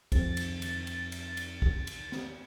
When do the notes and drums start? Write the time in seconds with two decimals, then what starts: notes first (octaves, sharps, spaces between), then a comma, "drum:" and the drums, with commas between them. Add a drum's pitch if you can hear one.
0.12 F2 C4 A6, drum: kick, cymbal
0.37 drum: cymbal
0.62 drum: cymbal
0.87 drum: cymbal
1.12 drum: cymbal
1.37 drum: cymbal
1.62 drum: kick
1.87 drum: cymbal
2.12 drum: snare